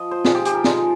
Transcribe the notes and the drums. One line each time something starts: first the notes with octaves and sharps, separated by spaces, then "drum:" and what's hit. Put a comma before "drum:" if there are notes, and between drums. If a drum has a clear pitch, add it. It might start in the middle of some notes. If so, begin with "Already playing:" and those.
Already playing: F3 D#5
C5
F3 G#3 D#4 F4, drum: snare
G4
G4, drum: hi-hat
A#4
F3 G#3 D#4, drum: snare